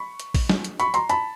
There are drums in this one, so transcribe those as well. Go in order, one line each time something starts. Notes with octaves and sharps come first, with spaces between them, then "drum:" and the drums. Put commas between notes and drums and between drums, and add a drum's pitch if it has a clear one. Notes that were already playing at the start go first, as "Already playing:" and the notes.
Already playing: B5 C#6
drum: hi-hat
drum: kick, open hi-hat
drum: snare
drum: hi-hat
B5 C#6, drum: hi-hat
A#5 C6, drum: hi-hat
A5 B5, drum: hi-hat